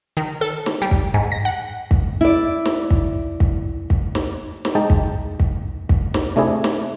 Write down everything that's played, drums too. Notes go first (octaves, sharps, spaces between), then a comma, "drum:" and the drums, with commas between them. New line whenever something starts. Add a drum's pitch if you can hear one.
D#3
A4
drum: snare
G3
drum: kick
G#2
A#6
F#5
drum: kick
E4 D5
drum: snare
drum: kick
drum: kick
drum: kick
drum: snare
drum: snare
G#3 D#4 G5 A5
drum: kick
drum: kick
drum: kick
drum: snare
C3 A3 D4 E4 G#4
drum: snare